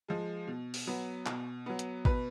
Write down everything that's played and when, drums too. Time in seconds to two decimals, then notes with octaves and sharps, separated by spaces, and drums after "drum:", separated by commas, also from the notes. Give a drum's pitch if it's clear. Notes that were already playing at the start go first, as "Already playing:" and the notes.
0.08 F3 G#3
0.47 B2
0.74 drum: open hi-hat
0.87 F#3 B3
1.26 B2, drum: clap
1.66 F#3 B3
1.79 drum: hi-hat
2.05 B2 B4, drum: kick